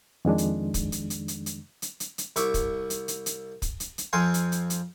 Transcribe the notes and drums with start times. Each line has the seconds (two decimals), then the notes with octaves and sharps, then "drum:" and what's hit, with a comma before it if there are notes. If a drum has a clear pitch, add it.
0.25 F2 D#3 G#3 D4
0.38 drum: hi-hat
0.74 drum: kick, hi-hat
0.92 drum: hi-hat
1.10 drum: hi-hat
1.28 drum: hi-hat
1.46 drum: hi-hat
1.82 drum: hi-hat
2.00 drum: hi-hat
2.18 drum: hi-hat
2.36 C2 E5 C#6 D6, drum: hi-hat
2.54 drum: kick, hi-hat
2.90 drum: hi-hat
3.08 drum: hi-hat
3.26 drum: hi-hat
3.62 drum: kick, hi-hat
3.80 drum: hi-hat
3.98 drum: hi-hat
4.13 F2 F3 C4 C5 F5 G#5
4.34 drum: hi-hat
4.52 drum: hi-hat
4.70 drum: hi-hat